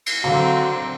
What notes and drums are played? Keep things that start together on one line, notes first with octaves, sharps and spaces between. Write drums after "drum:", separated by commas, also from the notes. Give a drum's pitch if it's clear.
drum: cymbal
D3 F#3 C4 F#4 C5 F5 A#5